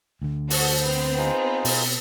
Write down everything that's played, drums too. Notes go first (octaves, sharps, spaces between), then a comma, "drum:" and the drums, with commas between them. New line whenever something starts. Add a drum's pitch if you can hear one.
D2 D3
F#4 A4 C5, drum: open hi-hat
B3 C4
D#4 F4 G#4
B2, drum: open hi-hat